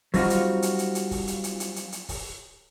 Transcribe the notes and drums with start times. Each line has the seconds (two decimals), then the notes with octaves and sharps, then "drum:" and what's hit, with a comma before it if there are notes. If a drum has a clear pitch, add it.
0.14 F#3 G3 C4 D#4 F4 F#4, drum: kick, open hi-hat
0.30 drum: hi-hat
0.62 drum: hi-hat
0.79 drum: hi-hat
0.95 drum: hi-hat
1.11 drum: kick, open hi-hat
1.27 drum: hi-hat
1.44 drum: hi-hat
1.60 drum: hi-hat
1.76 drum: hi-hat
1.92 drum: hi-hat
2.09 drum: kick, open hi-hat